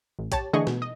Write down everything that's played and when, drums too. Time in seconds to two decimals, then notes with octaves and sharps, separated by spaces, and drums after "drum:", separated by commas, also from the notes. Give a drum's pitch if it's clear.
0.19 A1
0.32 G4 C#5 A5, drum: kick A#1, hi-hat
0.53 D3 E3 A3 G#4 D#5 C#6
0.67 B2, drum: snare
0.82 D#5